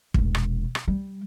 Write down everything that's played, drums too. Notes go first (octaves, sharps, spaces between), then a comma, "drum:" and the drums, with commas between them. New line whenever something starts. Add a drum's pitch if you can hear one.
E1 A#1, drum: kick
drum: rim click
drum: rim click
G3